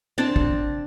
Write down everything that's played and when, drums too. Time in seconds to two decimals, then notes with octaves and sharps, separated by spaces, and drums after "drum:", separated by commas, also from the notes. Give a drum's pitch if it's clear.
0.18 C4 D4 A5
0.36 drum: kick